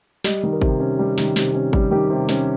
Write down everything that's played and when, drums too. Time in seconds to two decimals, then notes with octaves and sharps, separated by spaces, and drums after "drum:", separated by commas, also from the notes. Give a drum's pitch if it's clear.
0.24 G3 D#5, drum: snare
0.43 D#3
0.53 A#4
0.62 C3, drum: kick
0.80 C#4
0.99 G3
1.18 D#3, drum: snare
1.36 C3, drum: snare
1.54 C#4
1.73 G3, drum: kick
1.91 D#3 G4
2.10 C3
2.29 C#4, drum: snare